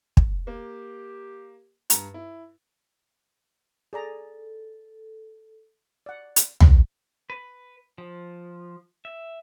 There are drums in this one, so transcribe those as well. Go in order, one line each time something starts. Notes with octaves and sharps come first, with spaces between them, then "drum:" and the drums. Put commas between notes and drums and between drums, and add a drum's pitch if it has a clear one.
drum: kick
A#3 G4
G2 A#5, drum: hi-hat
E4
G#4 A4 D5 A#5
D5 F#5
drum: hi-hat
drum: tom
B4
F3
E5